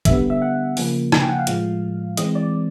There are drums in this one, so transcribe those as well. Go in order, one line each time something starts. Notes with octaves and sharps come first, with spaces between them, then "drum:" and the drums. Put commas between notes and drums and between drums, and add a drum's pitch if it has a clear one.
D3 G3 B3 E5, drum: kick, hi-hat
E5
F#5
C#3 F3 A#3, drum: open hi-hat
G#5, drum: rim click
G5
F#5
F5
A2 F3 G#3, drum: hi-hat
E3 G#3 C4 D#5, drum: hi-hat
D5